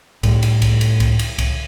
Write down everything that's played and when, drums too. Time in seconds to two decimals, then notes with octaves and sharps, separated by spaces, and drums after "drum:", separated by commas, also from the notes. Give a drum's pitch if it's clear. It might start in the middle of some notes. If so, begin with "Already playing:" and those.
0.23 A2 G3, drum: kick C#2, cymbal
0.43 drum: cymbal
0.62 drum: kick C#2, cymbal
0.81 drum: cymbal
1.00 drum: kick C#2, cymbal
1.19 drum: cymbal
1.38 drum: kick C#2, cymbal